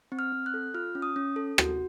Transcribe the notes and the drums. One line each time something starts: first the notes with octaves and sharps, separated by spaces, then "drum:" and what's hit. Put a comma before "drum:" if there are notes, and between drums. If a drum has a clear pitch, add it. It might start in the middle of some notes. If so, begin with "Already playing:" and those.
C4
F6
C4
F#6
A4
F4 F6
C#4
D#6
C#4
A4
F#4, drum: rim click